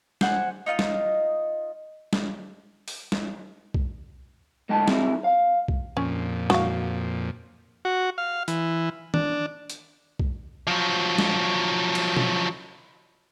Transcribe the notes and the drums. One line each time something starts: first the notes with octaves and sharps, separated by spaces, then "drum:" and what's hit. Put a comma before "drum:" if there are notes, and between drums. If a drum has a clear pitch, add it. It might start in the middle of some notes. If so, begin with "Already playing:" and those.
C5 F#5 G#5, drum: snare
D#4 F4 D5 D#5
drum: snare
drum: snare
drum: open hi-hat
drum: snare
drum: kick B1
A2 G#3 D#5 G5 A5
C4 D#4 E4 G#4, drum: snare
F5
drum: kick B1
F2 A#2 C#4
F#4 F5, drum: snare
F#4
F5
E3, drum: hi-hat
D4, drum: tom D#3
drum: hi-hat
drum: kick B1
F3 F#3
drum: snare
drum: cymbal
drum: tom B2